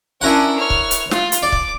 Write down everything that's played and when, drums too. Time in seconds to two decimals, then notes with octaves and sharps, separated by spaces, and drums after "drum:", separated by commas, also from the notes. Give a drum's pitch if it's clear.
0.21 C#4 D4 E4 A#4 F#5
0.57 C#5 F6
0.70 drum: kick C#1
0.91 drum: hi-hat
1.11 F4, drum: snare
1.32 drum: hi-hat
1.43 D5 D6
1.52 drum: kick C#1